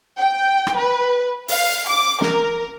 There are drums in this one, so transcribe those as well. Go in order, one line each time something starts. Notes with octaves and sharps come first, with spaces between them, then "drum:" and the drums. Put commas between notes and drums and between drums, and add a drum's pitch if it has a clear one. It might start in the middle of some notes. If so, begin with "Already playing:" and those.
G5
drum: rim click
B4
F5, drum: open hi-hat
D6
A#4, drum: snare